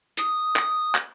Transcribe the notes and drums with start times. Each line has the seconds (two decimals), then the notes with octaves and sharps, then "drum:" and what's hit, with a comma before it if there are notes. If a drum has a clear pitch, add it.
0.17 D#6, drum: hi-hat
0.56 drum: clap
0.95 drum: clap